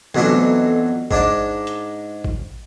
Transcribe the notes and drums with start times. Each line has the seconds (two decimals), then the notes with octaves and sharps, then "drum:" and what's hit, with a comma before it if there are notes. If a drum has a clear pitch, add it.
0.14 F2 B2 E3 F#3 A3 D4, drum: tom C3
1.11 G#2 D4 D5 A5, drum: kick A1
1.67 drum: hi-hat
2.24 drum: kick A1